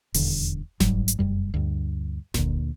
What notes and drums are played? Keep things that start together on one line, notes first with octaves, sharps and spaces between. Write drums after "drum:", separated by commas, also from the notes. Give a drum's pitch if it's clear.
D#1 E2 D3, drum: open hi-hat
G#1 G#2 F#3 G3, drum: snare F1
drum: hi-hat
F1 F#2 G3
D2 G2
D2 A#2, drum: snare F1